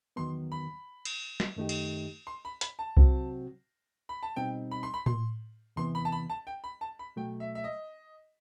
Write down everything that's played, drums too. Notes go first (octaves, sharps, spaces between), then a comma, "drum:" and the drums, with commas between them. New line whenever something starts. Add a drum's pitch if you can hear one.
E2 D#3 F#3 B3 C6
B5
drum: cymbal
drum: snare
F#2 D#3 A3 D#4 G4
drum: cymbal
C6
B5
B5, drum: hi-hat
A5
C3 F#3 C4 F#4, drum: kick C2
B5
A5
B2 G3 C4 D#4 G5
B5
C6
B5
C6, drum: tom A2
E2 C3 E3 B3 C6
B5
A5
B5
A5
G5
B5
A5
B5
B2 F#3 A3 G5
E5
E5
D#5